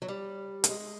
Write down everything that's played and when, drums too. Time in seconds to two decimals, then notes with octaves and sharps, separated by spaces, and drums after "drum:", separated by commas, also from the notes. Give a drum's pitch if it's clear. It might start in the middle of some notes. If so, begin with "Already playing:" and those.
0.02 F#3
0.08 G3
0.64 A3, drum: hi-hat
0.69 G#3